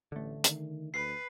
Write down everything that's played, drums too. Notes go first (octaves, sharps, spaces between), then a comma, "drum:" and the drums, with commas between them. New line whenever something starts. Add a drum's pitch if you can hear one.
A1 D3 A3
D#3, drum: hi-hat
D2 B4 C7